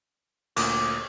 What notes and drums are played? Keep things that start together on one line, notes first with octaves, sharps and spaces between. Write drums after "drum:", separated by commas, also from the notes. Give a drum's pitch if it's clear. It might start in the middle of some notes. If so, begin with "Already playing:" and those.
D2 A#2 D6 D#6, drum: cymbal